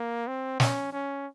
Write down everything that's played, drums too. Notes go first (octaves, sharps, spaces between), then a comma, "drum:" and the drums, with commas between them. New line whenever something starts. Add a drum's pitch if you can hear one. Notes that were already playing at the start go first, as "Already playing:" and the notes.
Already playing: A#3
C4
C#4, drum: snare
C#4